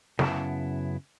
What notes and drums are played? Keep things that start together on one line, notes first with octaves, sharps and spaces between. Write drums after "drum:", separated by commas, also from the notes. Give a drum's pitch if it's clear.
F#2 C#3 B3 E4 F#5 A5, drum: snare